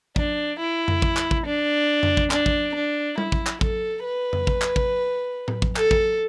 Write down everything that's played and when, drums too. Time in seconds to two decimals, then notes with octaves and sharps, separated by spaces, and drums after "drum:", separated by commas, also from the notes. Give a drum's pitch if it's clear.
0.16 D4, drum: kick
0.59 E4
0.88 drum: tom F2
1.02 drum: kick
1.17 drum: clap
1.31 drum: kick
1.46 D4
2.03 drum: tom F2
2.17 drum: kick
2.31 D4, drum: clap
2.46 drum: kick
2.75 D4
3.18 E4, drum: tom G3
3.32 drum: kick
3.47 drum: clap
3.61 A4, drum: kick
4.04 B4
4.33 drum: tom F2
4.47 drum: kick
4.62 drum: clap
4.76 drum: kick
5.48 drum: tom A2
5.62 drum: kick
5.76 A4, drum: clap
5.91 drum: kick